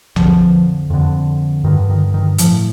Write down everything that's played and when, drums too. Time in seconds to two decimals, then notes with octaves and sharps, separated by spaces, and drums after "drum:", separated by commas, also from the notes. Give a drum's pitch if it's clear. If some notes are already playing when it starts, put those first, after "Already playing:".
0.16 F2 D3 F3, drum: tom A#1
0.90 F2 D3
1.64 G2 D3 D#3
1.90 D#3
2.14 D#3
2.38 A2 F3, drum: hi-hat